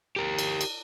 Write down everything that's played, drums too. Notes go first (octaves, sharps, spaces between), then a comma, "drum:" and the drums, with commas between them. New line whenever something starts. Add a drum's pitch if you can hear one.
G4 A#4
drum: cymbal
drum: cymbal